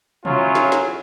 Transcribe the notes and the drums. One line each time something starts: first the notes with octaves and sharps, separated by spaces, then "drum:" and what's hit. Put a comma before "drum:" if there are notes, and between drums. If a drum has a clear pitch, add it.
F#3 C#4 E4 F4, drum: tom B2
drum: snare
drum: snare